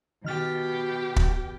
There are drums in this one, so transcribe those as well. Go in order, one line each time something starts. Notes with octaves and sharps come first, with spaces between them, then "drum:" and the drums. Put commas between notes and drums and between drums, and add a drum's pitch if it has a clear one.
B2 D#3 G4 F6 A6
drum: kick